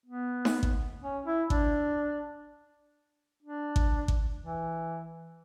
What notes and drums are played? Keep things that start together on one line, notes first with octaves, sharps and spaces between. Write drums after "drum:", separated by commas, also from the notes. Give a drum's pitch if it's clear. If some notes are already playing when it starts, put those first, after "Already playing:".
B3
drum: snare D#4
drum: kick G#1
C#4
E4
D4, drum: kick G#1
D4
drum: kick G#1
drum: kick G#1
E3